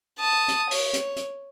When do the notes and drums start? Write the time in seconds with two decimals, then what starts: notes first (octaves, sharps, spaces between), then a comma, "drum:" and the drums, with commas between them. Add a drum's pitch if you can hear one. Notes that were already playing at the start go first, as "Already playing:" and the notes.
0.20 A5 D#6
0.48 drum: hi-hat
0.71 C#5, drum: open hi-hat
0.94 drum: hi-hat
1.16 drum: hi-hat